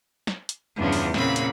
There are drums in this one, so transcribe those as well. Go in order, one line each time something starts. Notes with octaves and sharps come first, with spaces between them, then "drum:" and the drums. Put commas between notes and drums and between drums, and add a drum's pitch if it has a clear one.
drum: snare
drum: hi-hat
E2 G2 C#3 F3 D4
drum: open hi-hat
A#2 C#3 C4 F#5 B5, drum: snare
drum: hi-hat